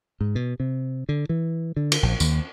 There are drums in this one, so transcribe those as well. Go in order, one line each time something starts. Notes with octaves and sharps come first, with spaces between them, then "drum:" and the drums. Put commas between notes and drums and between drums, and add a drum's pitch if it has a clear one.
G#2
B2
C3
D3
E3
D3
drum: cymbal
A#1
D#2, drum: tambourine